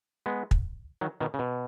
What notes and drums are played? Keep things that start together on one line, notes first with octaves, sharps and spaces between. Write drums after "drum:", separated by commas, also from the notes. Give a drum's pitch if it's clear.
G#3 B3
drum: kick
D#3 F#3
B2 D#3
C#3
B2